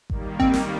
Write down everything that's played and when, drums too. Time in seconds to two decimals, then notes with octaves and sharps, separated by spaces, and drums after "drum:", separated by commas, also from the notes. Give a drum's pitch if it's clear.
0.10 D#3 G3 A#3, drum: kick G#1
0.40 C4, drum: kick G#1
0.53 drum: snare